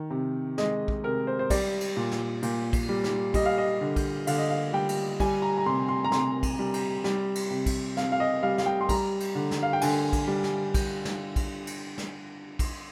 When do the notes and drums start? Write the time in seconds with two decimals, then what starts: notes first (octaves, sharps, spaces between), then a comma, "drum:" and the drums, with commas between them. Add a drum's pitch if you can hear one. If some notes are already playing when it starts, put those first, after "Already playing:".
Already playing: D#3
0.10 C3
0.58 G#3 D#5, drum: snare
0.88 drum: kick
1.04 C3 A#4
1.27 C5
1.39 C5
1.50 G3 D5, drum: kick, cymbal
1.81 drum: cymbal
1.97 A#2
2.11 drum: snare
2.43 A#2, drum: cymbal
2.73 drum: kick, cymbal
2.89 G3
3.04 drum: snare
3.34 G3 D#5, drum: kick, cymbal
3.46 F5
3.58 D#5
3.81 D3
3.96 drum: kick, cymbal
4.27 D3 F5, drum: cymbal
4.38 D#5
4.50 F5
4.73 G3 G5
4.89 drum: cymbal
5.20 G3 G#5, drum: kick, cymbal
5.42 A#5
5.58 A#5
5.66 C3 C6
5.89 C6
6.04 A#5
6.12 C3 C6, drum: snare
6.43 drum: kick, cymbal
6.59 G3
6.74 drum: cymbal
7.04 G3, drum: snare
7.35 drum: cymbal
7.50 C3
7.66 drum: kick, cymbal
7.97 C3 F5, drum: snare
8.12 F5
8.20 D#5
8.43 G3 F5
8.58 F5, drum: snare
8.66 G5
8.81 C6
8.89 G3 A#5, drum: kick, cymbal
9.20 drum: cymbal
9.35 D3
9.51 drum: snare
9.63 F5
9.73 G5
9.81 D3 G#5, drum: cymbal
10.13 drum: kick, cymbal
10.28 G3
10.44 drum: snare
10.74 drum: kick, cymbal
11.05 drum: snare
11.36 drum: kick, cymbal
11.67 drum: cymbal
11.98 drum: snare
12.59 drum: kick, cymbal